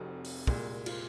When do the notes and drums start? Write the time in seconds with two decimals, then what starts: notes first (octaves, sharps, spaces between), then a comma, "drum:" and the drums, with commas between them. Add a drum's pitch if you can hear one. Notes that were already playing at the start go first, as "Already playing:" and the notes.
Already playing: F1 F2 C3 F#4
0.25 drum: open hi-hat
0.47 C2 A#2 G#3, drum: kick
0.86 F4, drum: cymbal